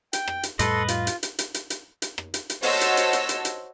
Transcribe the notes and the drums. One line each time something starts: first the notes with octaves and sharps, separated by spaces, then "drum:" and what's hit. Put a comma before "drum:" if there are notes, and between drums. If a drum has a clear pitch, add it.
G5, drum: hi-hat
drum: rim click
drum: hi-hat
F2 A2 G3 A4 B4 D#5 C6, drum: hi-hat
F4, drum: hi-hat
drum: hi-hat
drum: hi-hat
drum: hi-hat
drum: hi-hat
drum: hi-hat
drum: hi-hat
drum: rim click
drum: hi-hat
drum: hi-hat
F#4 C5 C#5 D#5 A5 E6, drum: open hi-hat
drum: hi-hat
drum: hi-hat
drum: hi-hat
drum: hi-hat
drum: hi-hat